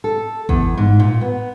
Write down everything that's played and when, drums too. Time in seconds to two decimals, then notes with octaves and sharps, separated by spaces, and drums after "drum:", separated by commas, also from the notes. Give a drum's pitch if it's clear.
0.04 A4
0.49 E2, drum: kick G#1
0.78 G#2
1.00 A#2
1.21 B3